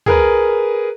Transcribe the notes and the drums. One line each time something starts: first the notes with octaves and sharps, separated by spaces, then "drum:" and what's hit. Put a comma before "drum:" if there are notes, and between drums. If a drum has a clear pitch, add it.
G#4 A#4 B4, drum: tom